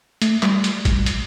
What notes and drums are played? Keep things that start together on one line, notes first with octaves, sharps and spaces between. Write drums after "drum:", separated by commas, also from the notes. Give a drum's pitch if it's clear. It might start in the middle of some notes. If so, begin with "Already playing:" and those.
A3, drum: hi-hat
G3, drum: clap
drum: hi-hat
drum: kick, hi-hat
drum: hi-hat